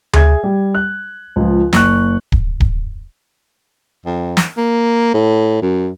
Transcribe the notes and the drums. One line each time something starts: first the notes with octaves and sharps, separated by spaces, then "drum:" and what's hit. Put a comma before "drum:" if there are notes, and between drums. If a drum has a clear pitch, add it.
G#4 E5 G#6, drum: tom D2
G3
F#6
C#2 F3
F#1 C#6 F#6, drum: snare
drum: kick D1
drum: kick D1
F2
drum: snare
A#3
A2
F#2